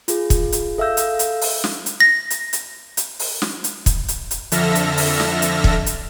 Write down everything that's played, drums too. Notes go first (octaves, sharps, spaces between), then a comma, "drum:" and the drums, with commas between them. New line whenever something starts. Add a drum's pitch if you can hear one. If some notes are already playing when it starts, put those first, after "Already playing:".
F4 G#4, drum: hi-hat
drum: kick, hi-hat
drum: hi-hat
A4 E5 F5 E6 G6
drum: hi-hat
drum: hi-hat
drum: open hi-hat
drum: snare
drum: hi-hat
A#6
drum: hi-hat
drum: hi-hat
drum: hi-hat
drum: open hi-hat
drum: snare
drum: hi-hat
drum: kick, hi-hat
drum: hi-hat
drum: hi-hat
F2 D3 A4 E5 F6 A#6, drum: hi-hat
drum: hi-hat
drum: open hi-hat
drum: snare
drum: hi-hat
drum: kick
drum: hi-hat